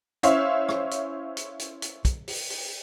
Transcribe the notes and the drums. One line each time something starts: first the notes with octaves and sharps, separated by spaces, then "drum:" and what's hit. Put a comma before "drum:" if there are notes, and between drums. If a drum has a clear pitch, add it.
C#4 E4 C5 C#5 E5 F5, drum: hi-hat
drum: rim click
drum: hi-hat
drum: hi-hat
drum: hi-hat
drum: hi-hat
drum: kick, hi-hat
drum: open hi-hat
drum: open hi-hat